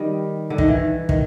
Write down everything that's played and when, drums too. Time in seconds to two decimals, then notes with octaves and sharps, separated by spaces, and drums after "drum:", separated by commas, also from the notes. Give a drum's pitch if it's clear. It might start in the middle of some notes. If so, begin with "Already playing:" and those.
Already playing: D#3 G3
0.50 D3
0.58 D#3, drum: kick
0.68 E3
1.09 D#3, drum: kick